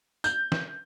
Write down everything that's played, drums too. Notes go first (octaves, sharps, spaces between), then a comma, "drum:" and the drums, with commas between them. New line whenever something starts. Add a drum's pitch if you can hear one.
G6, drum: tambourine
drum: snare